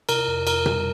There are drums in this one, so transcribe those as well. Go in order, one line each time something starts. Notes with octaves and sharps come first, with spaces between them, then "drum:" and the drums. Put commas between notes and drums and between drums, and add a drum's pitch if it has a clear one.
C3 A#4, drum: cymbal
F2
F2 A#4, drum: cymbal
G3, drum: tom B2